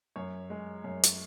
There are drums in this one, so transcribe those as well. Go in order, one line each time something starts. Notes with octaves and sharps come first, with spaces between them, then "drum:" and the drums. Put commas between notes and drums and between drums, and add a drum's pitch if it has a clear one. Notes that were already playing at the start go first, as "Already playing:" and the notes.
F#2 C#5
G#3
F#2
drum: hi-hat